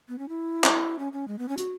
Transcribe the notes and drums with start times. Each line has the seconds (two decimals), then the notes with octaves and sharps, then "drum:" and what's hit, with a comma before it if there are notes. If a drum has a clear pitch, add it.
0.09 B3
0.19 C#4
0.29 E4
0.64 drum: clap
0.99 C#4
1.13 C#4
1.28 G#3
1.39 B3
1.49 C#4
1.57 F#4, drum: hi-hat